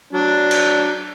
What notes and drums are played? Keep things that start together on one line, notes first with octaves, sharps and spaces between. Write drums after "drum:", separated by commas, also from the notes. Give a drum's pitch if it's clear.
F#3 D4 D5
drum: cymbal